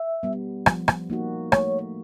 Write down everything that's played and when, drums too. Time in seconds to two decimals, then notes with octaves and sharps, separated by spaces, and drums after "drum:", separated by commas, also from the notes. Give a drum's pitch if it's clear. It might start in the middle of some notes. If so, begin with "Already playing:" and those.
Already playing: E5
0.23 G3 B3
0.66 F3, drum: rim click
0.88 drum: rim click
1.10 A#3 D#4 F#4
1.52 A3 C#5, drum: rim click